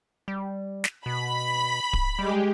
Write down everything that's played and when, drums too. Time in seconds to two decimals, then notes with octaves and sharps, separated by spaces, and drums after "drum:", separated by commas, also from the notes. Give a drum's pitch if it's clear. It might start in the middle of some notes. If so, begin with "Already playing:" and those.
0.28 G3
0.84 drum: snare
1.06 B2 B5
1.93 drum: kick D1
2.19 G3 G#3 G4